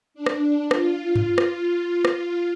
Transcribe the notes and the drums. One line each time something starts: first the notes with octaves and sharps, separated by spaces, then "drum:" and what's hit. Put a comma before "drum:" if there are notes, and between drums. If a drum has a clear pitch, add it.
D4
drum: rim click
F4, drum: rim click
drum: tom G2
drum: rim click
drum: rim click